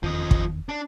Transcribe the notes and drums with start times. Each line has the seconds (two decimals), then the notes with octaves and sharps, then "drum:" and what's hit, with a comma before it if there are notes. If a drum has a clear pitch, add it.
0.03 F1 E2 D#3 F3 D#5
0.31 drum: kick
0.69 D4